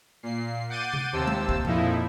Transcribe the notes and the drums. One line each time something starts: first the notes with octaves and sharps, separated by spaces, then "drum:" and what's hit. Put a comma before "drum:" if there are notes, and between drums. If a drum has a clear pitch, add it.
A#2 C7
F#5 D6 G6 A6 C7 D#7
drum: tom C3
D#2 C3 C5 A5 E6
drum: tom G#3
drum: kick
F2 A#2 F3 D#4 E4, drum: tom B2